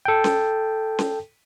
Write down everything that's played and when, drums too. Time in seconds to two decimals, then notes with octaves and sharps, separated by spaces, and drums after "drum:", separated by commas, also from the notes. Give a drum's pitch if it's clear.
0.05 A4 G5
0.24 drum: snare C#4
0.99 drum: snare C#4